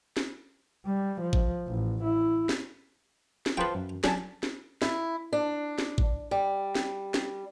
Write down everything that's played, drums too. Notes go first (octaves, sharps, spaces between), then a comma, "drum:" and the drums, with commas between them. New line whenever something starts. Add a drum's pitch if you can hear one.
drum: snare
G3
F3
drum: kick G#1
A1
E4
drum: snare
drum: snare
F4 B4 C5 G5 A5
F#2
F#3 D4 G#5 A5, drum: snare
drum: snare
E4, drum: snare
D4
drum: snare
drum: kick G#1
G3
drum: snare
drum: snare